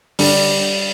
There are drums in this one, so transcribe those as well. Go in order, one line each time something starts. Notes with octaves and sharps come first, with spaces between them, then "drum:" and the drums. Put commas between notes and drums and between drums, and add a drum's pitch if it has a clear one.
D3 G3, drum: open hi-hat